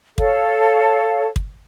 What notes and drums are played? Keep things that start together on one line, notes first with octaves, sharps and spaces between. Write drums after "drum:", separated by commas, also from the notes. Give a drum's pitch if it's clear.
A4 C#5 F5, drum: kick
drum: kick